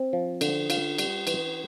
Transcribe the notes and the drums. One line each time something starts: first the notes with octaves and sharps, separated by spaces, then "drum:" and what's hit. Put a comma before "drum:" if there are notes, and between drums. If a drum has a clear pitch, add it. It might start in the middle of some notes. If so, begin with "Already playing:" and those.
Already playing: C4
F3
D3, drum: cymbal
F4, drum: cymbal
G3, drum: cymbal
E3, drum: cymbal